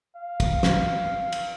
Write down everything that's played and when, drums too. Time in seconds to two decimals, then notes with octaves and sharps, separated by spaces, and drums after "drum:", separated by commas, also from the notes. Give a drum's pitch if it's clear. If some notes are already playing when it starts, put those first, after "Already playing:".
0.17 F5
0.40 drum: kick, cymbal
0.63 drum: snare
1.32 drum: cymbal